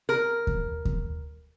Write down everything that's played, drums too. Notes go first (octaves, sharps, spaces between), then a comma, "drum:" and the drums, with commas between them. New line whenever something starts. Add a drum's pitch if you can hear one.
A#4
drum: kick D#2
drum: kick D#2